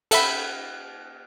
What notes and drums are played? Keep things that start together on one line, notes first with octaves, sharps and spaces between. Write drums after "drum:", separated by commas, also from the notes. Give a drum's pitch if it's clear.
A4 E5 B5, drum: cymbal